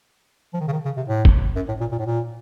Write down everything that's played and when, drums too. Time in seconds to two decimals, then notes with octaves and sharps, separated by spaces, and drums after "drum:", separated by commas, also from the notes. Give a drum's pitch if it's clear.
0.53 F3
0.60 D#3
0.68 C#3
0.72 D#3
0.85 C#3
0.97 C3
1.08 A2
1.25 drum: kick
1.56 F#2
1.68 A2
1.80 A#2
1.91 A#2
1.99 A2
2.06 A#2